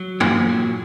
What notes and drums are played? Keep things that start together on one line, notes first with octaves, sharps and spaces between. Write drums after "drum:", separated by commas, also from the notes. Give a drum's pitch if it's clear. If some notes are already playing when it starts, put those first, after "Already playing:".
Already playing: F#3
A#2, drum: tom
F#3